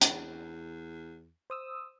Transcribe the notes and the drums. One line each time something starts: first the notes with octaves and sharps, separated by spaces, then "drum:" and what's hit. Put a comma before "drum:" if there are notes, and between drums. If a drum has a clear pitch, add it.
E2, drum: hi-hat
C5 D#6 E6